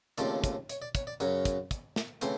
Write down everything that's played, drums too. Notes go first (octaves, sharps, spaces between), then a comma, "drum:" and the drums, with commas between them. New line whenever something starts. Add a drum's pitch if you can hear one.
D#2 C#3 F3 A3 C4 D5, drum: hi-hat
drum: kick, hi-hat
C#5, drum: hi-hat
D5
C#5, drum: kick, hi-hat
D5
F#2 C#3 F#3 C#5, drum: hi-hat
drum: kick, hi-hat
drum: kick, hi-hat
drum: snare
C#3 E3 A3 C4 C5, drum: hi-hat